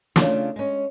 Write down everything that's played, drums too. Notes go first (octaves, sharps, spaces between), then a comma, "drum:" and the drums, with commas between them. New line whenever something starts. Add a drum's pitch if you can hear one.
C#3 A3 D4 F4, drum: snare
G#3 C#4